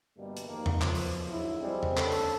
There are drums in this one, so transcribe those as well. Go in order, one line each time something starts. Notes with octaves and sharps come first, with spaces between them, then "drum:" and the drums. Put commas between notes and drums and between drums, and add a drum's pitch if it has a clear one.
G2 B2 D3 G3 A3 A#3
drum: hi-hat
F2 D#3 A#3
drum: tom E2
B1 F3, drum: clap
drum: open hi-hat
D2 G#2 F#3 E4
F3 G3 G#3 C4
drum: tom E2
D3 A#3 C#4 A4, drum: clap
drum: open hi-hat